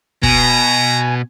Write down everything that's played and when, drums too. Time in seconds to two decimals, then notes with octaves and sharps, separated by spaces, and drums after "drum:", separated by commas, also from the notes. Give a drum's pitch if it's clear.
0.23 B2 G#5 A#5, drum: kick